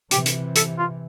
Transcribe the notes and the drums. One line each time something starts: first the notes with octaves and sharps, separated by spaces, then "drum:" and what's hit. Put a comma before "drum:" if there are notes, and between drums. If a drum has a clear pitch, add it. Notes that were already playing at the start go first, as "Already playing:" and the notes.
C3 E3 G4, drum: hi-hat
drum: hi-hat
A4, drum: hi-hat
F4